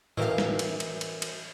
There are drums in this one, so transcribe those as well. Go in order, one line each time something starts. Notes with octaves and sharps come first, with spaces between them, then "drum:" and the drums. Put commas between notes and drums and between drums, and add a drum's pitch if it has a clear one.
F#2 A2 D#3 E3 E4 F5
drum: snare
drum: cymbal
drum: cymbal
drum: cymbal
drum: cymbal